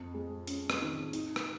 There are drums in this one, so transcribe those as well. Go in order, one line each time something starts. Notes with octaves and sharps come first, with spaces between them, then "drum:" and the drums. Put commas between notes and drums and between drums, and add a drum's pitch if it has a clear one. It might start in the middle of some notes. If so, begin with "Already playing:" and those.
Already playing: F2
G#3
C#4, drum: hi-hat
drum: rim click
D#3
D#4, drum: hi-hat
drum: rim click